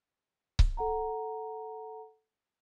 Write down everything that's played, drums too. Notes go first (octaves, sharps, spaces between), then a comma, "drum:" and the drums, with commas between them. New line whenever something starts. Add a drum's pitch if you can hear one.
drum: kick C#1
A4 F#5 A#5